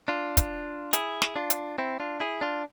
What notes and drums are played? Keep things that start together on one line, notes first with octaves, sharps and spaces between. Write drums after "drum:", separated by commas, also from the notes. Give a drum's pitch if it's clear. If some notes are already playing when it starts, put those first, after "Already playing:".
D4 F4
drum: kick, hi-hat
E4 G#4, drum: hi-hat
drum: snare
D4 F4
drum: hi-hat
C4 E4
D4 F4
E4 G#4
D4 F4